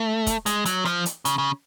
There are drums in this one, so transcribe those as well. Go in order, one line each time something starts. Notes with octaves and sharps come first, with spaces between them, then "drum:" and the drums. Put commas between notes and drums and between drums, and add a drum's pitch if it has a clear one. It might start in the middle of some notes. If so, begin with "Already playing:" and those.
Already playing: A3
drum: kick, hi-hat
G#3, drum: hi-hat
F#3, drum: hi-hat
F3, drum: rim click
drum: hi-hat
C#3, drum: hi-hat
C#3